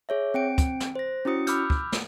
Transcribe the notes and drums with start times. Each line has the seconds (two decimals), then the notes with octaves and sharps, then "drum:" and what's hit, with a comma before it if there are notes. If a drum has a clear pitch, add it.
0.09 G#4 C#5 E5
0.34 C4 G5 D7
0.58 drum: kick, hi-hat
0.80 drum: snare
0.95 C5 A#6
1.25 C#4 E4 F#4 D#6 C#7
1.47 B5 D6 E6 F6 G6, drum: hi-hat
1.70 drum: kick
1.92 drum: snare